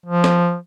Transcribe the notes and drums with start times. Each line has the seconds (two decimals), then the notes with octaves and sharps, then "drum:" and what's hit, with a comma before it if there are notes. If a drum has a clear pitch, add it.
0.06 F3
0.24 drum: snare